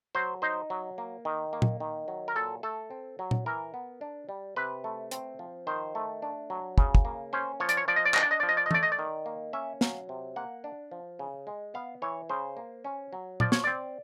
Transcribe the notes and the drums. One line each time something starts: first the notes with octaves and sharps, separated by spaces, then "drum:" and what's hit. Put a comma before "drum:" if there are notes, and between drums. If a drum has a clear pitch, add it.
F#3 C5
D#4 C5
F#3
A#3
D#3
A#3
drum: tom A#2
D#3
F#3
A#4
A#2 A4
A3 A4
C4
F#3
drum: tom A#2
E3 A#4
B3
D4
G3
C3 B4
A3
C4, drum: hi-hat
F3
D#3 C5
A3
D4
F#3
C#3, drum: kick
drum: kick
A#3
C#4 C5
F3 C#5
D5, drum: hi-hat
C#5
F3 D5
D#5
D5
D4 D#5, drum: clap
D5
D#5
F3 D5
D#5
D5
D#5
A3 D5, drum: tom E3
D#5
D5
D#3
A#3
C#4 E5
F#3 F5, drum: snare
C3
A#3 F#5
D4
F3
C#3
G#3
B3 F5
E3 C#5
C#3 C5
A#3
C#4
F#3
F3 D5, drum: tom A#2
C#5, drum: snare
C4 D5